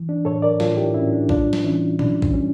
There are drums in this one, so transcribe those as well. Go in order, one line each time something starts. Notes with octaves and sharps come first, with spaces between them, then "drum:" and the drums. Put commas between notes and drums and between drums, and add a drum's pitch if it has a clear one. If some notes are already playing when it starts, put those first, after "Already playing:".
Already playing: E3
D4
A2 A4 C#5
A#4 D5
A2 F4 A4, drum: snare
E4 G4
A2 C#4 E4
D4
G3 D4 F4, drum: kick
drum: snare
E3 C#4 E4
G3 D4, drum: tom A#2
drum: kick
G3 C#4